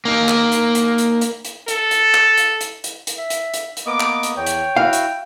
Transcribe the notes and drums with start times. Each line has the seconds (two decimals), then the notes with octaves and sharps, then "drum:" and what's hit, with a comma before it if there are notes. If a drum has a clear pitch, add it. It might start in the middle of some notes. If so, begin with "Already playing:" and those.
0.05 A#3 D#4
0.28 drum: clap
0.52 drum: hi-hat
0.75 drum: hi-hat
0.98 drum: hi-hat
1.21 drum: hi-hat
1.45 drum: hi-hat
1.68 A4, drum: hi-hat
1.91 drum: hi-hat
2.14 drum: clap
2.37 drum: hi-hat
2.61 drum: hi-hat
2.84 drum: hi-hat
3.07 drum: hi-hat
3.18 E5
3.30 drum: hi-hat
3.54 drum: hi-hat
3.77 drum: hi-hat
3.86 A#3 B3 D#5 D6
4.00 drum: clap
4.23 drum: hi-hat
4.37 E2 C#5 G5
4.46 drum: hi-hat
4.77 E4 F#4 F5
4.93 drum: hi-hat